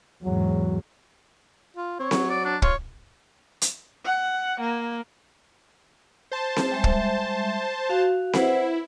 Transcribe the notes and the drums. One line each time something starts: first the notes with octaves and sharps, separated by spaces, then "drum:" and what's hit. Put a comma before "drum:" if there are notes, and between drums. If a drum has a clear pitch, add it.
E2 G#2 F#3
F4
C4 C#5
F#3, drum: snare C4
D5
D4
F4 C#5, drum: kick
drum: hi-hat
F#5
A#3
C5 A5
drum: snare C4
G3 G#3 E5
drum: kick
F#4 F5
E4 B4 C5 F#5, drum: snare C4